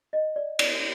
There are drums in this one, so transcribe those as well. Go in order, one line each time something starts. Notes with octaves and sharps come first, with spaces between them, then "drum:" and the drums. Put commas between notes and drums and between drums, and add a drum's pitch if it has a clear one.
D#5
D5
D5, drum: cymbal